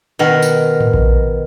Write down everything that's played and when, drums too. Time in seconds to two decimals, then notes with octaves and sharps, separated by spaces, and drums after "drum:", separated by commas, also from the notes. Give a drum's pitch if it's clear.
0.19 B2 D#3 A#4
0.42 drum: tambourine
0.80 drum: tom G#2
0.94 drum: kick A#1